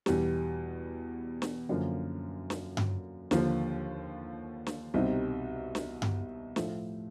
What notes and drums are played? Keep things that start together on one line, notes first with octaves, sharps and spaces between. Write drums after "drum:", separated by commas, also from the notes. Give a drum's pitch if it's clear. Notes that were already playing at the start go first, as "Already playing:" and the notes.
E2 B2 G3, drum: snare
drum: snare
F#2 D3 F3 A#3
drum: snare
drum: tom G2
D#2 D3 F3 A#3, drum: snare
drum: snare
C2 B2 G3 C4 D#4
drum: snare
drum: tom G2
A2 F3 A3, drum: snare